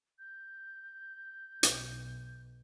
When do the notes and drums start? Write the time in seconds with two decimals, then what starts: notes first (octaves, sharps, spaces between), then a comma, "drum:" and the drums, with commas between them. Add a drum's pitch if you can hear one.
0.19 G6
1.63 B1, drum: hi-hat